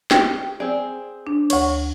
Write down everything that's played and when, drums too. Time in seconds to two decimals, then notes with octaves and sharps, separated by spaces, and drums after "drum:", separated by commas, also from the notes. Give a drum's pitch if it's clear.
0.11 G4, drum: snare
0.60 C4 G#4 D5
1.27 D4
1.50 D2 C#5 C#6, drum: cymbal